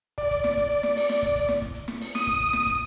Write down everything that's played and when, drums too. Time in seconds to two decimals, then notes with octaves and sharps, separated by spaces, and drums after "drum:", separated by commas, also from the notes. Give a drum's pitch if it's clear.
0.18 D5, drum: kick, hi-hat
0.31 drum: kick, hi-hat
0.44 drum: snare
0.57 drum: kick, hi-hat
0.70 drum: hi-hat
0.83 drum: snare
0.96 drum: open hi-hat
1.09 drum: snare
1.22 drum: kick, hi-hat
1.35 drum: kick, hi-hat
1.49 drum: snare
1.62 drum: kick, hi-hat
1.75 drum: hi-hat
1.88 drum: snare
2.01 drum: open hi-hat
2.15 D#6, drum: snare
2.27 drum: kick, hi-hat
2.40 drum: kick, hi-hat
2.53 drum: snare
2.66 drum: kick, hi-hat